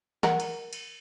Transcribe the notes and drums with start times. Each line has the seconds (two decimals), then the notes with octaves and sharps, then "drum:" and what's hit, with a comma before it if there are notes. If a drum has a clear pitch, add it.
0.23 A#4 F#5, drum: snare
0.40 drum: cymbal
0.73 drum: cymbal